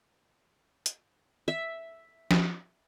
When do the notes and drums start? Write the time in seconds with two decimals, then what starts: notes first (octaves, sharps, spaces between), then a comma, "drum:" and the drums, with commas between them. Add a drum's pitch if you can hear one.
0.86 drum: hi-hat
1.48 E5
2.31 drum: snare